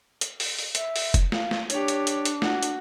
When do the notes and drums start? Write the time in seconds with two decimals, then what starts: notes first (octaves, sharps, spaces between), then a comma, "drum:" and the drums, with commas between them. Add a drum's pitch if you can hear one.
0.21 drum: hi-hat
0.40 drum: open hi-hat
0.58 drum: open hi-hat
0.75 E5, drum: hi-hat
0.96 drum: open hi-hat
1.14 drum: kick F1, hi-hat
1.32 F5, drum: snare
1.51 drum: snare
1.70 D4 G4 C#5, drum: hi-hat
1.88 drum: hi-hat
2.07 drum: hi-hat
2.25 drum: hi-hat
2.42 F#4, drum: snare
2.63 drum: hi-hat